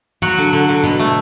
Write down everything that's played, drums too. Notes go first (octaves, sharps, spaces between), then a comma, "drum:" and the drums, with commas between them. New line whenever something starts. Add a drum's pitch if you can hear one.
F#3 F#4, drum: tom G2
D3
D3
D3
B2, drum: tom G2
A3